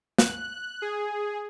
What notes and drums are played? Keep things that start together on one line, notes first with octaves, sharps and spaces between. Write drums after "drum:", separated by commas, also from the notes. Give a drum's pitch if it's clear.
F#6, drum: snare
G#4